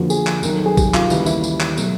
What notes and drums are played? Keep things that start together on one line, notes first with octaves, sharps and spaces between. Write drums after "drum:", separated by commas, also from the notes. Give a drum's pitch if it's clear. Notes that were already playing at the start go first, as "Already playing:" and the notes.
Already playing: F2 D3 F3 A#3 F#4
G#4, drum: tambourine
drum: clap
C2 C3 D#3 F#3 A#4, drum: tambourine
A4
G#4
G4, drum: kick A1, tambourine
F4, drum: clap
D#2 C#3 E3 G3 E4, drum: tambourine
E4, drum: tambourine
drum: tambourine
drum: clap
B2 F#3 A3, drum: tambourine